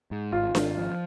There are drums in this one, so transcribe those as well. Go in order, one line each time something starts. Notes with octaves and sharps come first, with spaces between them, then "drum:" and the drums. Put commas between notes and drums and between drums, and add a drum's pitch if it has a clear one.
G#2
G#1 F4
G#1, drum: snare D4
F3